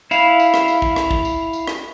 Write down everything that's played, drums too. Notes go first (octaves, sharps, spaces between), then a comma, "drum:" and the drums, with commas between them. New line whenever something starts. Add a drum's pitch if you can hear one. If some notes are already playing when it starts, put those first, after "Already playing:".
E4 F5, drum: tambourine
drum: tambourine
drum: rim click
drum: tambourine
drum: kick
drum: rim click
drum: kick
drum: tambourine
drum: tambourine
drum: rim click